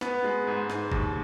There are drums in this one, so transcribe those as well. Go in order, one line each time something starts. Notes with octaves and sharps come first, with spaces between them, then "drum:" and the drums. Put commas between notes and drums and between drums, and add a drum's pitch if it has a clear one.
B3, drum: snare
G#3
G#2
G#2, drum: snare
D#2, drum: kick G1